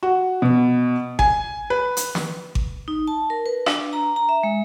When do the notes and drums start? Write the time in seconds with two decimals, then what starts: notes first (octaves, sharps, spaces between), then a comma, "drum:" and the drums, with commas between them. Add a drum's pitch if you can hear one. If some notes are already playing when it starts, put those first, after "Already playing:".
0.03 F#4
0.42 B2
1.19 G#5, drum: kick G#1
1.70 B4
1.97 drum: hi-hat
2.15 drum: snare
2.55 drum: kick G#1
2.88 D#4
3.08 A5
3.30 A#4
3.46 B4
3.66 D4, drum: rim click
3.93 A#5
4.16 A#5
4.29 E5
4.43 G#3